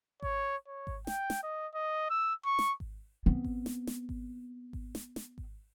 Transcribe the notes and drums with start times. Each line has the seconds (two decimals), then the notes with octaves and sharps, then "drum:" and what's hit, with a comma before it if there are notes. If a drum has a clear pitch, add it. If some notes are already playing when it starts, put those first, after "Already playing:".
0.22 C#5, drum: kick G#1
0.67 C#5
0.87 drum: kick G#1
1.07 G5, drum: snare
1.30 drum: snare
1.43 D#5
1.74 D#5
2.10 E6
2.45 C#6
2.59 drum: snare
2.80 drum: kick G#1
3.26 B3 C4
3.44 drum: kick G#1
3.66 drum: snare
3.87 drum: snare
4.09 drum: kick G#1
4.73 drum: kick G#1
4.95 drum: snare
5.16 drum: snare
5.38 drum: kick G#1